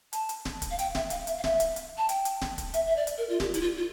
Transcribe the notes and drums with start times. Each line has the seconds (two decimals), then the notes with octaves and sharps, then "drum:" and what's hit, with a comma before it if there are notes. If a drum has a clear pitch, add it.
0.13 A5, drum: hi-hat
0.29 drum: hi-hat
0.45 drum: snare D1
0.62 drum: kick, hi-hat
0.71 F5
0.79 G5, drum: hi-hat
0.95 E5, drum: snare D1
1.10 F5, drum: hi-hat
1.27 E5, drum: hi-hat
1.38 F5
1.44 E5, drum: snare D1
1.60 drum: hi-hat
1.76 drum: hi-hat
1.98 A5
2.09 G5, drum: hi-hat
2.25 drum: hi-hat
2.42 drum: snare D1
2.58 drum: kick, hi-hat
2.74 E5, drum: hi-hat
2.87 E5
2.96 D5
3.07 drum: hi-hat
3.18 A#4
3.29 F4
3.40 G4, drum: snare D1
3.54 E4, drum: hi-hat
3.61 F4
3.77 F4